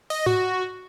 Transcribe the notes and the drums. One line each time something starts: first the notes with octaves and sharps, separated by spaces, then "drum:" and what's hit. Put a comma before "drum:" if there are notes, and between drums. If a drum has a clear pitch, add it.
D#5, drum: open hi-hat
F#4, drum: tom G#2